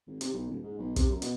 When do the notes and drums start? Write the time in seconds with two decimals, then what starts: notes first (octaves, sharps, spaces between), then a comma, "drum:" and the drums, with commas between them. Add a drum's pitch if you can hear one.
0.07 G#1
0.21 C3, drum: hi-hat
0.33 B1
0.48 D#1
0.62 G#2
0.78 B1
0.96 C3, drum: kick, hi-hat
1.10 F#2
1.22 B2, drum: hi-hat